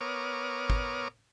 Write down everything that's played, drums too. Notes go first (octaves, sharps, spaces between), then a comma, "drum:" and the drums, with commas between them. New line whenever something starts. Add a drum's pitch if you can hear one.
B3 A#4 C#5 D6 D#6 F6
drum: kick